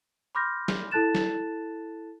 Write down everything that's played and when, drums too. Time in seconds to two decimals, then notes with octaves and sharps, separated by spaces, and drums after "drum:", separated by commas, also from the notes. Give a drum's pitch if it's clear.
0.35 B5 C6 D6 F6 G6 A#6
0.68 drum: snare
0.91 E4 A4 A5 F#6 A6 E7
1.15 drum: snare